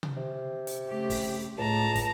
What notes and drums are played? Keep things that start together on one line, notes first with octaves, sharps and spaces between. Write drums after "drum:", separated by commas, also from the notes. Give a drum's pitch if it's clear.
drum: tom C3
C3
drum: hi-hat
C#3 A3 G4
drum: kick, open hi-hat
C#2 A2 A5 A#5
drum: kick, hi-hat